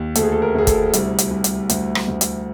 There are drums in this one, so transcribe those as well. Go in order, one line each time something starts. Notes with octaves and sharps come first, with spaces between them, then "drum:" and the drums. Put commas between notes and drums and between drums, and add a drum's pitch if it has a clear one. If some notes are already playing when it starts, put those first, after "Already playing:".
Already playing: D#2
D2 A4, drum: hi-hat
G#4
A4
A#4
D2 G#4
A4, drum: kick, hi-hat
C2, drum: hi-hat
drum: hi-hat
C2
drum: hi-hat
D2, drum: hi-hat
drum: rim click
D2
drum: hi-hat